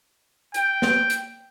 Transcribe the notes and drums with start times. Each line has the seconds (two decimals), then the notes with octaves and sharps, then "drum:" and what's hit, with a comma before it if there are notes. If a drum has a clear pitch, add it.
0.54 G5, drum: hi-hat
0.82 drum: snare
1.10 drum: hi-hat